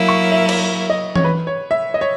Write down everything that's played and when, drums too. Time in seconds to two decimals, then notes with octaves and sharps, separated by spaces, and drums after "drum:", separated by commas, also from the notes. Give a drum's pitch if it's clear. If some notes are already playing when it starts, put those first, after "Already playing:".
Already playing: F#3 A#3 E4
0.09 C#6
0.32 E5
0.49 drum: cymbal
0.90 D#5
1.16 C#5, drum: tom E3
1.24 B4
1.47 C#5
1.71 E5
1.94 D#5
2.01 C#5